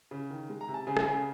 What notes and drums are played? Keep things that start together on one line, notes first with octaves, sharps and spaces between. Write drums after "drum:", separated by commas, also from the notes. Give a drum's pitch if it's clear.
C#3
D#3
G#3
A#5
C3
A5
C#3 G#4 G#5
drum: rim click
C#3 G#4 G#5